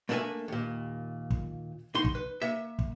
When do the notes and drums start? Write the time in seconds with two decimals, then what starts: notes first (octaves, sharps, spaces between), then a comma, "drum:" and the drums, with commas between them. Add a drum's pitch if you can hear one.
0.09 A3 A#3 D4 A#4 E5 G#5
0.48 D#2 A#2
1.30 drum: kick
1.94 C2 D#4 C6
2.05 drum: kick
2.15 B4
2.42 A#3 E5
2.79 drum: kick